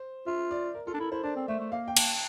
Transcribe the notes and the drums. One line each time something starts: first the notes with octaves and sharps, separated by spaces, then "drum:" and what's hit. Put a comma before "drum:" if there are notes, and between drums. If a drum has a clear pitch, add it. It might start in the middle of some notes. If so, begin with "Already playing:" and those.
Already playing: C5
F4 E5
D5
A#4
F4 A4
D4
E4 A#4
E4 C5
D4 D5
C4
A3 E5
A3
A#3 F5
G5
A5, drum: cymbal